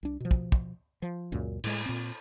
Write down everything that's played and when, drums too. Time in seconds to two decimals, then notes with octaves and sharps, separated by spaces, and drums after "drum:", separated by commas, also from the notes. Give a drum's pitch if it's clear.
0.03 C2 D4
0.20 B2 F3
0.31 drum: kick
0.52 drum: kick
1.02 F3
1.32 C#2 F#2 A#2
1.64 A2 G#3, drum: cymbal
1.86 A#2 C4